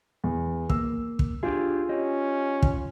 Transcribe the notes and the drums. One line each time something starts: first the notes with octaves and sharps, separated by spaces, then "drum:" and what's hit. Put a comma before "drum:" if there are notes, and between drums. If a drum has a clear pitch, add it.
E2
A#3 E6, drum: kick
drum: kick
D4 F4 G4 G#4
C#4 G4 D#5
drum: kick